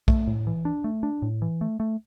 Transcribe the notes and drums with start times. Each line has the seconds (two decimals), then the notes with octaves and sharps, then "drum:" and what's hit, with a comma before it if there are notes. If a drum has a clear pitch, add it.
0.08 A3, drum: kick
0.27 A2
0.47 E3
0.65 D4
0.84 A3
1.03 D4
1.22 A2
1.42 E3
1.61 A3
1.80 A3